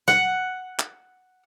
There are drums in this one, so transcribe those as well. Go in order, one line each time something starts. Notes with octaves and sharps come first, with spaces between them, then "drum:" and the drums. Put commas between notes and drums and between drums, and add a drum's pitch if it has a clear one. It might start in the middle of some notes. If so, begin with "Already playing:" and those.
F#5, drum: snare
drum: clap